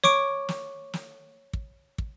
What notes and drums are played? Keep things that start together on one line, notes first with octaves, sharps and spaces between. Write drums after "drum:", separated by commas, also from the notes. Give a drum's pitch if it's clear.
C#5 C#6 D6 D7, drum: snare
drum: snare
drum: snare
drum: kick
drum: kick